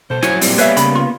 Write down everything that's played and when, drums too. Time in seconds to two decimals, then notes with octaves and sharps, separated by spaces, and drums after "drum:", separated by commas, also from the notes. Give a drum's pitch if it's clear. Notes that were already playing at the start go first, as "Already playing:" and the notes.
0.10 B2 A4 C5
0.23 F#3 E4 F#4 C#5 G#5, drum: snare
0.41 A#2 G3 C4, drum: open hi-hat
0.58 A#3 B3 B4 C#5 E5 F5 G#5, drum: hi-hat
0.77 C#3 B5, drum: hi-hat
0.95 F4